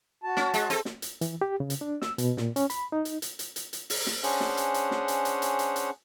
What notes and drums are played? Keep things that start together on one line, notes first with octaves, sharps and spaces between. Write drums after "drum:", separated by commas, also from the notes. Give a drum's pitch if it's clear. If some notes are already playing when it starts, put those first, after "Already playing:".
F#4 A5
C#4, drum: snare
G#3, drum: hi-hat
C4 A4, drum: hi-hat
drum: snare
drum: hi-hat
E3, drum: hi-hat
G4
C#3
drum: hi-hat
D4
E6, drum: snare
B2, drum: hi-hat
A#2, drum: snare
C#4, drum: hi-hat
B5, drum: hi-hat
D#4
drum: hi-hat
drum: hi-hat
drum: hi-hat
drum: hi-hat
drum: hi-hat
drum: open hi-hat
drum: snare
C#4 D4 G#4 C5 C#5 F#5, drum: hi-hat
drum: snare
drum: hi-hat
drum: hi-hat
drum: snare
drum: hi-hat
drum: hi-hat
drum: hi-hat
drum: hi-hat
drum: hi-hat